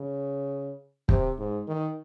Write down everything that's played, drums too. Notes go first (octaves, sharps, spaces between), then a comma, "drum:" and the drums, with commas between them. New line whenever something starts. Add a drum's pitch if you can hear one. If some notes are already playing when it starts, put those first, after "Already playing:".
Already playing: C#3
C3, drum: kick
G#2
D#3